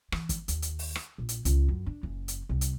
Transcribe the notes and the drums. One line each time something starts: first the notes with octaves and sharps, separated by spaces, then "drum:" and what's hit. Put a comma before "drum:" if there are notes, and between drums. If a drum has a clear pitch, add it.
E3, drum: rim click
drum: kick G1, hi-hat
D#2, drum: hi-hat
drum: hi-hat
drum: open hi-hat
drum: rim click
A#1
drum: hi-hat
C#2, drum: hi-hat
F#2
D4
F#1
drum: hi-hat
C2
drum: hi-hat